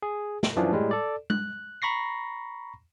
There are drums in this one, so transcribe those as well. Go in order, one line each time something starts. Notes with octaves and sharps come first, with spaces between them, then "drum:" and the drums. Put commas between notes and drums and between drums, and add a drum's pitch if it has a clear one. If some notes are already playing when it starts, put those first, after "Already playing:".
G#4
drum: snare
F#2 E3 F3 D4
A2 G3 G#3
A4 D5
F#6, drum: tom G#3
A#5 B5 C#6 A#6 C7